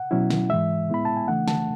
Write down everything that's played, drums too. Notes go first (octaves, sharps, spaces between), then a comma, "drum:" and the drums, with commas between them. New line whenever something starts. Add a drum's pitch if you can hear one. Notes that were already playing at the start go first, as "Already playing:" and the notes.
Already playing: F#5
B2 F#3 C#4 E4
drum: snare
G#2 E3 G#3 E5
A2 G#3 B3 E4 B5
A5
G#5
C#3 E3 A3 D4 F#5
A5, drum: snare